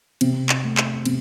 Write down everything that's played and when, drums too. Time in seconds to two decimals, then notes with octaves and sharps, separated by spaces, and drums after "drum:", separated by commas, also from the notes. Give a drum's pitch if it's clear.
0.21 C3, drum: cymbal
0.49 drum: clap
0.64 A3
0.77 drum: clap
1.05 C3, drum: cymbal